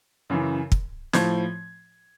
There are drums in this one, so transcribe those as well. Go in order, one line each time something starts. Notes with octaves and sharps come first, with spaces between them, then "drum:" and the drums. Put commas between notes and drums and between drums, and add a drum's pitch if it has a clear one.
F#2 C#3 E3
drum: kick
A2 F3 G#6, drum: snare